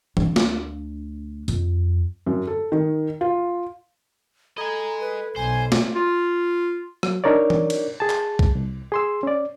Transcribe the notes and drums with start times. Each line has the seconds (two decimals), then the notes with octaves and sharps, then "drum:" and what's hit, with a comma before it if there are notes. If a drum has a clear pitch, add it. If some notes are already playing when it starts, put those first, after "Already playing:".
0.17 D2 D4, drum: tom E3
0.36 drum: snare
1.48 F2, drum: hi-hat
2.26 F#2
2.47 A4
2.72 D#3
3.21 F4
4.58 A4 D#5 G#5 A#5 B5 G#6
5.01 B4
5.36 B1 C5 G#5
5.72 drum: snare
5.95 F4
7.03 F#3, drum: rim click
7.24 D4 D#4 A#4 C#5 D5
7.50 drum: tom E3
7.70 drum: cymbal
8.00 G#4 A5
8.10 drum: clap
8.39 drum: kick B1
8.55 C2
8.92 G#4 C6 E6
9.23 C#4 D5